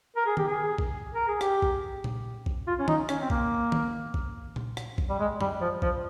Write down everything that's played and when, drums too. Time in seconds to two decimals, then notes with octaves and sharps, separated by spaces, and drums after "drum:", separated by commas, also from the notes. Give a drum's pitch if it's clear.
0.16 A#4
0.26 G#4
0.37 G4, drum: tom D#3
0.47 G#4
0.78 drum: kick A#1
1.14 A#4
1.28 G#4
1.41 G4, drum: rim click
1.62 drum: kick A#1
2.04 drum: tom A#2
2.46 drum: kick A#1
2.67 F4
2.79 C#4
2.88 D#4, drum: tom D#3
3.09 C#4, drum: rim click
3.21 C4
3.30 A#3, drum: kick A#1
3.72 drum: tom D#3
4.14 drum: kick A#1
4.56 drum: tom A#2
4.77 drum: rim click
4.98 drum: kick A#1
5.09 G3
5.19 G#3
5.41 G3, drum: tom F#2
5.61 F3
5.82 F3, drum: kick A#1